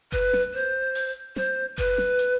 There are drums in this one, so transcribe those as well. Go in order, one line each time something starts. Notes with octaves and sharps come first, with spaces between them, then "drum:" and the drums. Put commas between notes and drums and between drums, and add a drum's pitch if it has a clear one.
B4, drum: kick F#1, hi-hat
drum: snare
C5
drum: open hi-hat
C5, drum: snare
B4, drum: kick F#1, hi-hat
drum: snare
drum: hi-hat